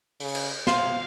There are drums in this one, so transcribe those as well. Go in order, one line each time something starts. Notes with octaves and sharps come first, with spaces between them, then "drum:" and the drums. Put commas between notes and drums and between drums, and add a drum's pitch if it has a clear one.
C#3, drum: open hi-hat
drum: cymbal
C3 F4 C5 F5, drum: snare